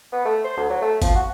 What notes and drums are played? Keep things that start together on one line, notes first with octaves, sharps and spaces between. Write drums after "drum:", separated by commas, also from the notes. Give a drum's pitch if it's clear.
B3
A3
C5
D2
F#3
A3
F3, drum: kick, hi-hat
F#4